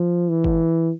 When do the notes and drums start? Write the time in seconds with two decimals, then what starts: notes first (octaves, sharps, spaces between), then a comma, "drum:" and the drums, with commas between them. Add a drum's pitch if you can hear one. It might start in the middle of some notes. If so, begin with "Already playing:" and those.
Already playing: F3
0.30 E3
0.44 drum: kick G1